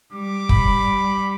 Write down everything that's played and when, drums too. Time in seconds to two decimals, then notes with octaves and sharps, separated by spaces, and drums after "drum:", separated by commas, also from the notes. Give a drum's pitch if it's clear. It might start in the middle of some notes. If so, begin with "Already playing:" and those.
0.13 G3 D6
0.49 B5, drum: kick